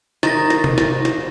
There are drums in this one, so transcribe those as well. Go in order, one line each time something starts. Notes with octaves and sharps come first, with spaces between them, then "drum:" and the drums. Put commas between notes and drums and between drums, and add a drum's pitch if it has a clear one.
D#3 A6 A#6, drum: snare
drum: snare
drum: tom C3
drum: snare
drum: snare